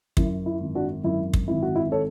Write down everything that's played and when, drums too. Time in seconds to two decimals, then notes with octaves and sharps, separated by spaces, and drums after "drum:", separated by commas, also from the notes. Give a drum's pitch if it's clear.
0.17 F#2 E4, drum: kick
0.46 E4
0.60 G#1
0.75 D4 F#4
1.04 F#2 E4
1.34 drum: kick
1.48 G#1 E4
1.62 F#4
1.76 E4
1.92 A4 C#5